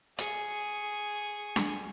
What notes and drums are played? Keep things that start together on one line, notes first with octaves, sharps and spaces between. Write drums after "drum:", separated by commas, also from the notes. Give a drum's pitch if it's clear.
G#4 C#6, drum: hi-hat
drum: snare D4